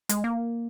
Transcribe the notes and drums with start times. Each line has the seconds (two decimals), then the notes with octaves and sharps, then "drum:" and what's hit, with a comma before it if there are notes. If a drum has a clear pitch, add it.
0.09 G#3, drum: hi-hat
0.24 A#3